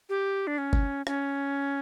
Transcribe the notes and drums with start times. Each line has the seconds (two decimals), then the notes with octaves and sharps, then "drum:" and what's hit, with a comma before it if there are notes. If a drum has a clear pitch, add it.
0.09 G4
0.47 D4
0.58 C#4
0.73 drum: kick G1
1.07 C#4, drum: rim click